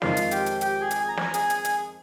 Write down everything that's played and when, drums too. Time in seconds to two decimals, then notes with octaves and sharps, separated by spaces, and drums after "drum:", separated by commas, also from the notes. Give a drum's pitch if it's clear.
0.02 F2 D#3 G#3 D#4 F4 F5, drum: snare
0.17 drum: hi-hat
0.31 G4 G5, drum: hi-hat
0.46 drum: hi-hat
0.61 G4 G5, drum: hi-hat
0.80 G#4 G#5
0.91 drum: hi-hat
1.01 G#5
1.09 A#5
1.17 G#5, drum: snare
1.25 A#5
1.34 G#4 G#5, drum: hi-hat
1.50 drum: hi-hat
1.65 drum: hi-hat